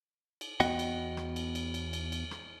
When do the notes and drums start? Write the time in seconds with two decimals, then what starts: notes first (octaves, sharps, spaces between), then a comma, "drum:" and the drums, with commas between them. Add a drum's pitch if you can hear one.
0.41 drum: cymbal
0.60 E2 B3 F#4 D#5 F#5 G5, drum: cymbal
0.79 drum: cymbal
1.17 drum: rim click
1.36 drum: cymbal
1.55 drum: cymbal
1.74 drum: cymbal
1.93 drum: cymbal
2.12 drum: cymbal
2.31 drum: rim click